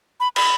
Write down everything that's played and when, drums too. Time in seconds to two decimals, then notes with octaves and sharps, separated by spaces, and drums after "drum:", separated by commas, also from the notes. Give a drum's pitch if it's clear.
0.20 B5
0.36 B5, drum: cymbal